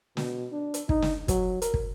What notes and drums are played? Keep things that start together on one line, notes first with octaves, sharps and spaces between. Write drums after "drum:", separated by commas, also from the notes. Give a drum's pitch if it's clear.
B2, drum: snare
D4
drum: hi-hat
D#4, drum: kick
drum: snare
F#3, drum: kick, hi-hat
A#4, drum: hi-hat
drum: kick